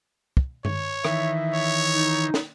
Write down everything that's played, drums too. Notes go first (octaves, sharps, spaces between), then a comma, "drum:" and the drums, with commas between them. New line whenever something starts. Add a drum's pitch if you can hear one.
drum: kick
C#5, drum: tom G2
D#3 E3 E5, drum: rim click
C#5
D#4
drum: snare